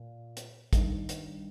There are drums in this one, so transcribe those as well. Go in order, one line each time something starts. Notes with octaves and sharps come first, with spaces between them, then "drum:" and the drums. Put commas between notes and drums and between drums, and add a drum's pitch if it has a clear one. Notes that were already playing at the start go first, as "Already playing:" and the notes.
Already playing: A#2
drum: hi-hat
G2 D#3, drum: kick, hi-hat
drum: hi-hat